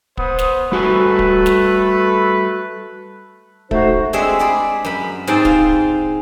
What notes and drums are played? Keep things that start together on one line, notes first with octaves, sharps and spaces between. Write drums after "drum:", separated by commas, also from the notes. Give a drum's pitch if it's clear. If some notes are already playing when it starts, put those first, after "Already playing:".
B3 C5 D#6, drum: kick
drum: snare
G3 A3 F#4 A4 B4 G#5
drum: kick
drum: snare
A3 D#4 F#4 C5, drum: kick
G#3 C4 D4 G#4 E5
G#4 D5 B5
F#2 B5
G#2 C4 G#4 G5 A5
F4, drum: kick